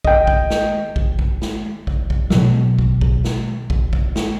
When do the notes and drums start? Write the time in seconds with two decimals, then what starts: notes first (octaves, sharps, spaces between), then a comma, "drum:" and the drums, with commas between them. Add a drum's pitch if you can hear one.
0.05 D#5 G5, drum: kick
0.27 drum: kick
0.50 drum: snare
0.96 drum: kick
1.19 drum: kick
1.42 drum: snare
1.87 drum: kick
2.10 drum: kick
2.30 B2 F#3, drum: snare
2.79 drum: kick
3.01 drum: kick
3.24 drum: snare
3.70 drum: kick
3.93 drum: kick
4.16 drum: snare